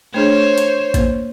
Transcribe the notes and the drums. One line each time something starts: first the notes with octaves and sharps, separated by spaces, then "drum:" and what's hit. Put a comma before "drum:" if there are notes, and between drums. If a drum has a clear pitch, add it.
A3 D4 G#4 C5 C#5
drum: hi-hat
A#3 C5, drum: kick, hi-hat